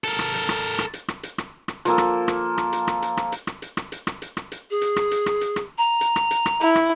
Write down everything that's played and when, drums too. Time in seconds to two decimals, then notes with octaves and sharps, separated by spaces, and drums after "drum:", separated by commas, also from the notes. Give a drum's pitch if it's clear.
0.04 A4 A#4, drum: hi-hat
0.19 drum: rim click
0.34 drum: hi-hat
0.49 drum: rim click
0.79 drum: rim click
0.93 drum: hi-hat
1.08 drum: rim click
1.23 drum: hi-hat
1.38 drum: rim click
1.68 drum: rim click
1.85 F3 A#3 A4, drum: hi-hat
1.98 drum: rim click
2.28 drum: rim click
2.58 drum: rim click
2.73 drum: hi-hat
2.87 drum: rim click
3.02 drum: hi-hat
3.17 drum: rim click
3.32 drum: hi-hat
3.47 drum: rim click
3.62 drum: hi-hat
3.77 drum: rim click
3.92 drum: hi-hat
4.07 drum: rim click
4.22 drum: hi-hat
4.37 drum: rim click
4.52 drum: hi-hat
4.70 G#4
4.81 drum: hi-hat
4.96 drum: rim click
5.11 drum: hi-hat
5.26 drum: rim click
5.41 drum: hi-hat
5.56 drum: rim click
5.78 A#5
6.01 drum: hi-hat
6.16 drum: rim click
6.31 drum: hi-hat
6.46 drum: rim click
6.61 E4, drum: hi-hat
6.75 drum: rim click